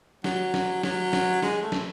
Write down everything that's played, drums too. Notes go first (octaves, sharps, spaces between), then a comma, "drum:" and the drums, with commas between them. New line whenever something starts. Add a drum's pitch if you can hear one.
F#3, drum: snare
drum: snare
F#3, drum: snare
drum: snare
G#3, drum: snare
A3
drum: snare